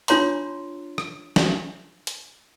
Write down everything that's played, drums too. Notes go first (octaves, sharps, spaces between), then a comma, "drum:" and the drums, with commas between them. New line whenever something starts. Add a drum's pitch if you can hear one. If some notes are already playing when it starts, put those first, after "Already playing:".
D4 F4 C#5 A#5 C6, drum: hi-hat
drum: rim click
drum: snare
drum: hi-hat